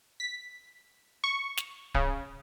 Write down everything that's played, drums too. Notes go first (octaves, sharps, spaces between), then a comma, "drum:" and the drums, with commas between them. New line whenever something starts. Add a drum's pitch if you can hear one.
B6
C#6
drum: snare
C#3, drum: kick D1